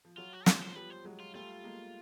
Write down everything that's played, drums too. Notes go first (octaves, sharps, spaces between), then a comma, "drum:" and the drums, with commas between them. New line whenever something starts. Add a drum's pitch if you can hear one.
F3
F#3 F4
F#4
F3 C5, drum: snare
C5
F3 G3 B4
C5
F#3 G#3
F4
G3 A3 F4
G#3 A#3